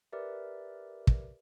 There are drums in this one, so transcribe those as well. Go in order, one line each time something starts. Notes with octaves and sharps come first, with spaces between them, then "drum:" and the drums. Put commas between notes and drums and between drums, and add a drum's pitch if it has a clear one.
G4 A#4 B4 D5 E5
drum: kick